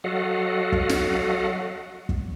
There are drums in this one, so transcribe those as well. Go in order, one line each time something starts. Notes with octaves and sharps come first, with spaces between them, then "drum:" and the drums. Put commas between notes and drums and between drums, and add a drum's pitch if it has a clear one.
F#3 F#4 A4 D#5 F5 F#5
drum: kick
drum: snare
drum: kick